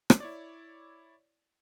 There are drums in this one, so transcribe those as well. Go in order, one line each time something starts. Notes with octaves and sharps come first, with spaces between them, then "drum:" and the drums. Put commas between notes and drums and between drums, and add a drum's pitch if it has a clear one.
drum: rim click
E4 C#5 D5